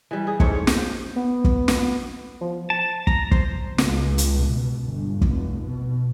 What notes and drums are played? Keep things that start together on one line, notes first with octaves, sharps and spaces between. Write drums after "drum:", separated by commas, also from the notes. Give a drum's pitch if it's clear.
E3 G3
G#4
G#2 A3 C4 C#5, drum: kick
C#5
G4, drum: snare
B3
drum: kick
drum: snare
F3
A5
A#5, drum: kick
C5, drum: kick
C#2, drum: snare
drum: hi-hat
B2
G1
F1, drum: kick
B2